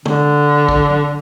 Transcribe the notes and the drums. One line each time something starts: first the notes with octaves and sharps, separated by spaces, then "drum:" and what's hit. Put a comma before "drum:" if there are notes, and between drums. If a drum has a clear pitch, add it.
D3, drum: tom
drum: kick
drum: tom F#3